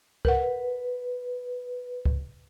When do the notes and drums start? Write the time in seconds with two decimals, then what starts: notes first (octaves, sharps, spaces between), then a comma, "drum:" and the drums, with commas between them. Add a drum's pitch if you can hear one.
0.25 A#4 B4 F#5, drum: kick C#2
2.05 drum: kick C#2